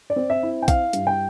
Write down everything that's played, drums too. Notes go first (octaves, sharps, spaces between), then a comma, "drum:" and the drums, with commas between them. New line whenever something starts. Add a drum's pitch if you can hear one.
D5
C4
E5
E4
G5
E4 F5, drum: kick, hi-hat
G2, drum: hi-hat
G5